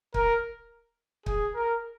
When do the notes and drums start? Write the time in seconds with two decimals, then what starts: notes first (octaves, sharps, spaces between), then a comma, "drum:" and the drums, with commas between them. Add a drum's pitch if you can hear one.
0.14 A#4, drum: kick
1.26 G#4, drum: kick
1.55 A#4